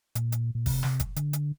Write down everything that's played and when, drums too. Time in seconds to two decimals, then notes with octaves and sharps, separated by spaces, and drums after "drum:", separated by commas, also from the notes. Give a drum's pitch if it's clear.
0.15 A#2, drum: hi-hat
0.32 drum: hi-hat
0.55 A#2
0.66 C3, drum: kick, open hi-hat
0.83 drum: snare
1.00 drum: kick, hi-hat
1.16 D3, drum: hi-hat
1.33 drum: hi-hat